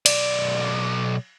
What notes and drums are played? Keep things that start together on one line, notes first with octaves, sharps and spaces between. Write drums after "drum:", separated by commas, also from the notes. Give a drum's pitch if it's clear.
B1 D5, drum: cymbal